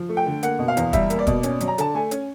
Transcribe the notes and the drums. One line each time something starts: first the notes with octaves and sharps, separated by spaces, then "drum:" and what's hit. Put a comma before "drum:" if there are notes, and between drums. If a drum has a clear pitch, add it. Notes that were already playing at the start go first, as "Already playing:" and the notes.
Already playing: F3
A3
G5
D3
A#3 F#5, drum: hi-hat
B2
F5
E2, drum: hi-hat
G3 E5, drum: kick, hi-hat
A#3, drum: hi-hat
D5
B2, drum: kick, hi-hat
C#4, drum: hi-hat
F#3, drum: hi-hat
A#5
D3 A5, drum: hi-hat
A3 G#5
C#4, drum: hi-hat